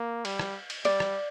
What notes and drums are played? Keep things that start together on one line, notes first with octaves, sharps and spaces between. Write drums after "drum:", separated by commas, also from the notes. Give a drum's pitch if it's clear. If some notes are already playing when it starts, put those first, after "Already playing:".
Already playing: A#3
G3, drum: cymbal
drum: rim click
drum: cymbal
G3 D5, drum: cymbal
drum: rim click